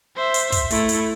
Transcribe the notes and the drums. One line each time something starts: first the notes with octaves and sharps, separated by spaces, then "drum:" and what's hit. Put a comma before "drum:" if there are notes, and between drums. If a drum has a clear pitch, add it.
C5 E5
drum: hi-hat
drum: kick, hi-hat
A3 E4, drum: hi-hat
drum: hi-hat